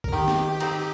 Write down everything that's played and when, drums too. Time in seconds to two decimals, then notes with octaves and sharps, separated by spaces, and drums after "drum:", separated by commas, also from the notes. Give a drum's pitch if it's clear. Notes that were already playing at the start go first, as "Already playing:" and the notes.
0.04 A#4, drum: kick
0.12 D#3 G4
0.28 drum: snare
0.60 C4 D#4 C5, drum: cymbal